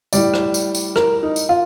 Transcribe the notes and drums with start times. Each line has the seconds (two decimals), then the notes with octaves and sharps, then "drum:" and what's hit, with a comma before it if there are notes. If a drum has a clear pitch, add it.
0.13 A2 G3 D5, drum: tambourine
0.34 drum: rim click
0.54 drum: tambourine
0.75 drum: tambourine
0.96 A#4, drum: rim click
1.23 D#4
1.36 drum: tambourine
1.49 F4